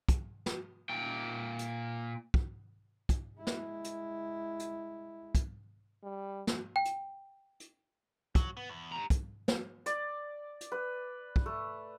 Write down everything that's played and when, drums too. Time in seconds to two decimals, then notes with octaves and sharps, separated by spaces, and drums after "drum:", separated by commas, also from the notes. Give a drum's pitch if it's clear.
0.09 drum: kick, hi-hat
0.46 drum: snare
0.90 A#2 G5
1.59 drum: hi-hat
2.34 drum: kick
3.09 drum: kick, hi-hat
3.37 G#3 E4
3.47 drum: snare
3.84 drum: hi-hat
4.59 drum: hi-hat
5.35 drum: kick, hi-hat
6.03 G3
6.47 drum: snare
6.76 G5
6.85 drum: hi-hat
7.60 drum: hi-hat
8.35 F#3, drum: kick, hi-hat
8.57 B3
8.69 E2
8.92 G3 A#5
9.10 drum: kick, hi-hat
9.48 drum: snare
9.86 D5, drum: hi-hat
10.61 drum: hi-hat
10.72 B4
11.36 drum: kick
11.46 A3